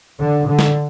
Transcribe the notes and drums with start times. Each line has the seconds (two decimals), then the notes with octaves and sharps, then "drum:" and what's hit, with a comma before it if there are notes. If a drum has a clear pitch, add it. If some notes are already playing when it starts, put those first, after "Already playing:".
0.20 D3
0.49 D3
0.59 drum: snare